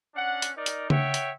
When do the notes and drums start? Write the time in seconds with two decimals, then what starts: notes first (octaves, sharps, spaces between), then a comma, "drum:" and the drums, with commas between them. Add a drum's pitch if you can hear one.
0.15 C#4 D4 F#5
0.42 drum: hi-hat
0.57 D#4 A#4 D5
0.66 drum: hi-hat
0.90 C#5 E5 F#5 G5, drum: tom C#3
1.14 drum: hi-hat